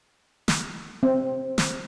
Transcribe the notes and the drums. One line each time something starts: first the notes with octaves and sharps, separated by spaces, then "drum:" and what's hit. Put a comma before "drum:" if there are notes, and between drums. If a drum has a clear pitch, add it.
drum: snare
C4
drum: snare